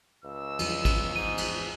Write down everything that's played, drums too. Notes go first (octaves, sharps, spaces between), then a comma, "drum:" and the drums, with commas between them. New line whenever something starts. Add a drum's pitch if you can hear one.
C#2 E6
E2 F3 G3, drum: cymbal
drum: kick, cymbal
G#2 D#7
drum: cymbal